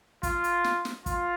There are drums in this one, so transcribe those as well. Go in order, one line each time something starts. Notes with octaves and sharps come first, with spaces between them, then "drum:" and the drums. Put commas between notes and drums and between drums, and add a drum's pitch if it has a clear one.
F4, drum: kick, hi-hat
drum: hi-hat
drum: snare
drum: snare
F4, drum: kick, hi-hat